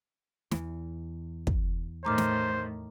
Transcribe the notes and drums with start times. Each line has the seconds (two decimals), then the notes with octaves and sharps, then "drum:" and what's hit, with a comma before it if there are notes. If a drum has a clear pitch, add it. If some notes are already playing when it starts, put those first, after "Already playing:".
0.51 E2 E3, drum: snare
1.47 drum: kick
2.05 A2 D#3 C5 A#5 D6 F6
2.18 drum: snare